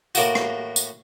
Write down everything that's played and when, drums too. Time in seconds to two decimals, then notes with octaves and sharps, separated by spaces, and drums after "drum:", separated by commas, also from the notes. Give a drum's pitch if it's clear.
0.15 A2 A#3 F#4, drum: tambourine
0.35 drum: rim click
0.76 drum: tambourine